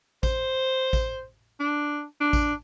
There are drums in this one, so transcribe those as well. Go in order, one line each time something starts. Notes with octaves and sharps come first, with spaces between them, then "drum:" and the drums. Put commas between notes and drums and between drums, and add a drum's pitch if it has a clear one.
C5, drum: kick A1, tambourine
drum: kick A1, tambourine
D4
D4
drum: kick A1, tambourine